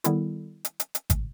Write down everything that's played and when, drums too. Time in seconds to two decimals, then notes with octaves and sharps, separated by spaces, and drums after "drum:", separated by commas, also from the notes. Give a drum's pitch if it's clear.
0.04 D#3 G3 B3 E4 A4, drum: hi-hat
0.65 drum: hi-hat
0.80 drum: hi-hat
0.95 drum: hi-hat
1.10 drum: kick, hi-hat